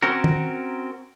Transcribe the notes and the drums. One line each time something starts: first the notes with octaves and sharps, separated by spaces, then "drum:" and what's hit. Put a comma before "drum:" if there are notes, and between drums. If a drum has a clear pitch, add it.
C4 C#4 F#4 A#4
drum: tom